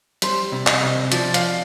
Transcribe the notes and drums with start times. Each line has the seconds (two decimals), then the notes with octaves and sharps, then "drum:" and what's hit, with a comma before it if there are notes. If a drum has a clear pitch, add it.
0.22 G3 C5, drum: hi-hat
0.52 C3
0.67 D#5, drum: clap
0.83 C3
1.12 F3 D5, drum: hi-hat
1.34 F5, drum: hi-hat